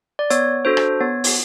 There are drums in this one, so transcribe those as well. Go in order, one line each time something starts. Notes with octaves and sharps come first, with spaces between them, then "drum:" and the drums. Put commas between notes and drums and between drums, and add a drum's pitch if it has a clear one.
D5
B3 C#5, drum: hi-hat
D4 F#4 A4 C5
drum: rim click
B3 C#5
drum: open hi-hat